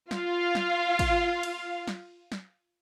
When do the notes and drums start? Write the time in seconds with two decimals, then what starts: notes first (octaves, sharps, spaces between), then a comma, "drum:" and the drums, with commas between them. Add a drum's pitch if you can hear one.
0.11 F4 F5, drum: snare
0.55 drum: snare
0.99 drum: kick, cymbal
1.43 drum: cymbal
1.87 drum: snare
2.32 drum: snare